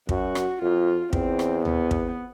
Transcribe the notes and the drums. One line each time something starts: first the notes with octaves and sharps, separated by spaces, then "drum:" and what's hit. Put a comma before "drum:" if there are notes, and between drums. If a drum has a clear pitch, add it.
F#2 F#4, drum: kick
drum: rim click
F2 F4
E2 C4, drum: kick
drum: rim click
B3, drum: tom D2
drum: kick